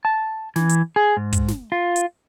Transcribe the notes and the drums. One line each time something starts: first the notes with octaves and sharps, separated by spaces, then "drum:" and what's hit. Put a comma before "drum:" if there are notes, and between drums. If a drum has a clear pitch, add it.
A5
E3, drum: snare
drum: hi-hat
G#4
G#2
drum: kick, hi-hat
drum: snare
F4
drum: hi-hat